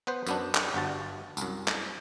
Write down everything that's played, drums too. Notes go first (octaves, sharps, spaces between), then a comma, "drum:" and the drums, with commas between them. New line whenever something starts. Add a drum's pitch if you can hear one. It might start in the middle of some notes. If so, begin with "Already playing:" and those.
B3 B4 C5
F#2 B3 D4, drum: tambourine
drum: clap
G1 G2 F#4 A5
C2 F#2, drum: tambourine
drum: clap